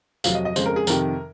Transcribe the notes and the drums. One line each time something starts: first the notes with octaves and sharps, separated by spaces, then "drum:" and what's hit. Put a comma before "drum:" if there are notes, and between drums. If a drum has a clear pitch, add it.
F2 C3 F#3 F5, drum: tambourine
D#5
D#5
F2 C#3 G#3 C5, drum: tambourine
A#4
G#4
F2 C3 D#3 A#4, drum: tambourine